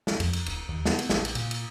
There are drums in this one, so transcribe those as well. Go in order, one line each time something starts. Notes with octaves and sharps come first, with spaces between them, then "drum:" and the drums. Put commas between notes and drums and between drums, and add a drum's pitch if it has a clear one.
drum: snare
F2, drum: cymbal
drum: cymbal
D1, drum: cymbal
D#2
B3, drum: snare
drum: cymbal
A1, drum: snare
drum: cymbal
A#2, drum: cymbal
drum: cymbal